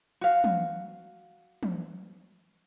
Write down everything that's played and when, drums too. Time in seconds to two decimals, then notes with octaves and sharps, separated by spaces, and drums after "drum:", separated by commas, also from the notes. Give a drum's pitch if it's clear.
0.21 F#4 F5
0.44 drum: tom
1.63 drum: tom